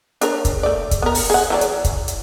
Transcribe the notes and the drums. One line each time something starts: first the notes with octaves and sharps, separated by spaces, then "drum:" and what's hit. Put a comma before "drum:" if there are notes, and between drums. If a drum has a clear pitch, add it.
D4 A#4 C#5, drum: hi-hat
drum: kick, hi-hat
A3 D5
drum: kick, hi-hat
B3 A#4
drum: open hi-hat
G#4 F#5
E3 F#3 D5
drum: hi-hat
drum: kick, hi-hat
drum: hi-hat